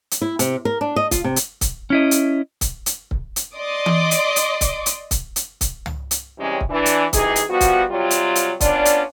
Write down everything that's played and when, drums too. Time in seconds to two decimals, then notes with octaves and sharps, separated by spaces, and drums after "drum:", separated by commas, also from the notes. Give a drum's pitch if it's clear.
0.11 drum: hi-hat
0.22 E4
0.39 C3, drum: hi-hat
0.65 A#4
0.81 D4
0.96 D#5
1.11 F4, drum: kick C#1, hi-hat
1.24 C3
1.36 drum: hi-hat
1.61 drum: kick C#1, hi-hat
1.90 C#4 E4 D#5
2.11 drum: hi-hat
2.61 drum: kick C#1, hi-hat
2.86 drum: hi-hat
3.11 drum: kick C#1
3.36 drum: hi-hat
3.55 D5 D#5 C6 D6 D#6
3.86 drum: tom E3
4.11 drum: hi-hat
4.36 drum: hi-hat
4.61 drum: kick C#1, hi-hat
4.86 drum: hi-hat
5.11 drum: kick C#1, hi-hat
5.36 drum: hi-hat
5.61 drum: kick C#1, hi-hat
5.86 drum: tom
6.11 drum: hi-hat
6.39 C3 E3 G3 G#3 C#4
6.61 drum: kick C#1
6.70 E3 D4
6.86 drum: hi-hat
7.13 F#2 C3 E3 D#4 G#4, drum: kick C#1, hi-hat
7.36 drum: hi-hat
7.49 F3 G3 B3 F#4
7.61 drum: kick C#1, hi-hat
7.90 C3 F#3 G3 F4
8.11 drum: hi-hat
8.35 drum: hi-hat
8.61 B3 C#4 D4 F4 D5, drum: kick C#1, hi-hat
8.85 drum: hi-hat